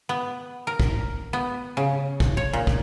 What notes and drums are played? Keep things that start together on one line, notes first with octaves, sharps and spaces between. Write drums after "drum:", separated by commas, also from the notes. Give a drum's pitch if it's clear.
B3
A#4
drum: kick
B3
C#3
drum: kick
C#5
A#2
drum: kick